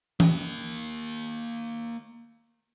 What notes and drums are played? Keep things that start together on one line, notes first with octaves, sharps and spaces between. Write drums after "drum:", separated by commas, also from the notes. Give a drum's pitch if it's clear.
A#3 D#5, drum: tom E3